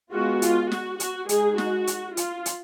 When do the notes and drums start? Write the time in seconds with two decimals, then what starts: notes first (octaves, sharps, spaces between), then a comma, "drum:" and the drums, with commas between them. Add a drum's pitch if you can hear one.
0.12 G#3 B3 F4 F#4
0.42 F4, drum: hi-hat
0.72 F#4, drum: snare
1.00 F#4, drum: hi-hat
1.29 G#3 D#4 G#4, drum: hi-hat
1.58 F#4, drum: snare
1.87 drum: hi-hat
2.17 F4, drum: hi-hat
2.46 drum: hi-hat